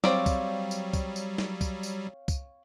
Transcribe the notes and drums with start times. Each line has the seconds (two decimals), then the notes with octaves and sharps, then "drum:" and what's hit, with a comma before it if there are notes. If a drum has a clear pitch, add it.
0.04 F#3 G3 C4 C#5 D5 F5 G5, drum: snare
0.26 drum: kick, tambourine
0.71 drum: tambourine
0.93 drum: kick, tambourine
1.16 drum: tambourine
1.38 drum: snare
1.61 drum: kick, tambourine
1.83 drum: tambourine
2.28 drum: kick, tambourine